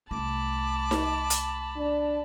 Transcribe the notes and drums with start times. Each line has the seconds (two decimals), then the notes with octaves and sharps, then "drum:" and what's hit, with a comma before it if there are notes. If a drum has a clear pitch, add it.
0.11 C2 A3 A5 B5 D6
0.91 drum: snare D#4
1.30 drum: hi-hat
1.77 D4